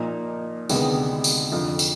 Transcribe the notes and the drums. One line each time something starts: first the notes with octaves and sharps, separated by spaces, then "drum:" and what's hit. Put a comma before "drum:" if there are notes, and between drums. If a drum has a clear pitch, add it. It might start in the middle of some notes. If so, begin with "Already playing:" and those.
Already playing: A#2 F3 A#3 D#4
D2 C3 D#3 G#3 B3, drum: tambourine
drum: tambourine
F2 D3 F3
drum: tambourine